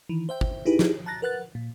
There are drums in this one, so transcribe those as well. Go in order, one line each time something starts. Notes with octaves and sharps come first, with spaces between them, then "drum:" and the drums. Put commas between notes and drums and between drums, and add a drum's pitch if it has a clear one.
D#3 E3
C5 E5 G5
drum: kick
D#4 E4 G4 G#4 B4
drum: snare
A5 A#5 F#6 A6 A#6
A#4 B4 F#5 F#6 A6
A#2